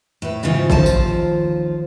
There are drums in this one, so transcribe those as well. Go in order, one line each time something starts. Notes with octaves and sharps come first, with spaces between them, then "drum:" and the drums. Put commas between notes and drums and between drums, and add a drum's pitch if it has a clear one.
A2 B4
G#2 C#3 E3 F3 F4 F#4
D#2 D#3 F3 F4 C5 A5, drum: kick A1
drum: tambourine